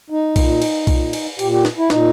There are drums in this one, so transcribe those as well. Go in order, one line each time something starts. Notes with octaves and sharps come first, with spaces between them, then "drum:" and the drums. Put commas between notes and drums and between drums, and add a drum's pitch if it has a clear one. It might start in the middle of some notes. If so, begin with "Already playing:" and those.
D#4
A#2, drum: kick B1, cymbal
drum: cymbal
A#2, drum: kick B1, cymbal
drum: cymbal
A#2 G4, drum: cymbal
G4
drum: snare
E4
A#2 D#4, drum: snare